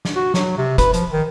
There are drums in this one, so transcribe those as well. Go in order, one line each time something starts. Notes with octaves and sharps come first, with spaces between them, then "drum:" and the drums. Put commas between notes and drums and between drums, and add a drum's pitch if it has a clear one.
drum: snare
F#4
F#3, drum: snare
C3
B4, drum: kick, hi-hat
F3, drum: hi-hat
D#3